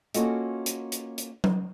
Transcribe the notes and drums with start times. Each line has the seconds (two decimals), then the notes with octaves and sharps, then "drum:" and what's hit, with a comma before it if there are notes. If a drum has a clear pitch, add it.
0.14 A#3 C#4 F4 F#4 A4 D#5, drum: hi-hat
0.66 drum: hi-hat
0.92 drum: hi-hat
1.18 drum: hi-hat
1.44 drum: tom F#3